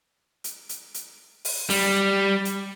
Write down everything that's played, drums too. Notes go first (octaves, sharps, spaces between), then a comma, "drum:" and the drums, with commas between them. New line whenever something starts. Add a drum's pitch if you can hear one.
drum: hi-hat
drum: hi-hat
drum: hi-hat
drum: open hi-hat
G3, drum: open hi-hat
drum: hi-hat